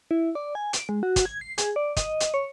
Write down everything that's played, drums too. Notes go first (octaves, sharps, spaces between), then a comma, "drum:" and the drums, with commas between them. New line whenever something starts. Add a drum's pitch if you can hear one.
E4
D5
G#5
D7, drum: hi-hat
G#3
F#4
drum: kick, hi-hat
G#6
C7
G#4, drum: hi-hat
D5
D#5, drum: kick, hi-hat
drum: hi-hat
C#5